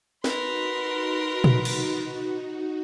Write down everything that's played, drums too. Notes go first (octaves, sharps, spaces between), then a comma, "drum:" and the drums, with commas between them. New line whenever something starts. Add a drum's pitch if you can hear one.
D#4 F#4 A#4 B4 C6, drum: snare
drum: tom A#2
drum: cymbal